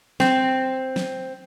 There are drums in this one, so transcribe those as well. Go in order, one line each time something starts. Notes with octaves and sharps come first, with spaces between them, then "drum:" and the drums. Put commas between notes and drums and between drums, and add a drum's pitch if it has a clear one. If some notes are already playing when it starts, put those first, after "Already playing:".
C4, drum: snare
drum: snare